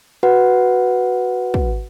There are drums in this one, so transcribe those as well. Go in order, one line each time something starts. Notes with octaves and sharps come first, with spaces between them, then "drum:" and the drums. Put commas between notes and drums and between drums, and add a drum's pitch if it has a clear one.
F#4 B4 F#5
drum: kick